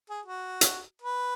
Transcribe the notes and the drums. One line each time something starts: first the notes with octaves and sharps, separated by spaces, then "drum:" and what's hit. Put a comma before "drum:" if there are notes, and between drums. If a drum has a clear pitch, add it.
G#4
F#4
drum: hi-hat
B4